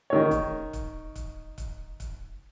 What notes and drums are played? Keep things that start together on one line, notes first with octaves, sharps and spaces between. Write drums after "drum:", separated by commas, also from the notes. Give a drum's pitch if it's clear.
D#3 C#5
drum: kick, hi-hat
drum: kick, hi-hat
drum: kick, hi-hat
drum: kick, hi-hat
drum: kick, hi-hat